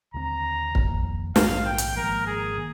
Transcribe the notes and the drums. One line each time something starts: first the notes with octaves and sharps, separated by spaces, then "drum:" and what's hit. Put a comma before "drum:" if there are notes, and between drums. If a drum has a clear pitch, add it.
D#2 D3 F3 C4 A#5
F2 D#3 A#3, drum: kick
A#1 G#2 D#3 F5, drum: snare
G5
drum: hi-hat
G#1 G#2 F3 A#3 A#4
G#4
D#3 A#3